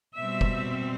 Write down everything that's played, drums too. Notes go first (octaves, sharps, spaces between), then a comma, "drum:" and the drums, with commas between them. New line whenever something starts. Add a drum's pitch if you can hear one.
B2 G3 C4 E5
drum: kick